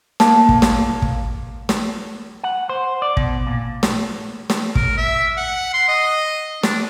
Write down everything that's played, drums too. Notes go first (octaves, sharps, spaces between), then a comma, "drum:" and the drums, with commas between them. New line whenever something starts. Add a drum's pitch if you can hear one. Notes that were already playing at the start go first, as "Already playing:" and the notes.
A#3 A5, drum: snare
drum: kick
drum: snare
drum: kick
drum: snare
F#5
C5
D5
B2, drum: kick
A#2
drum: snare
drum: snare
A#4, drum: kick
E5
F#5
C6
D#5
D4, drum: snare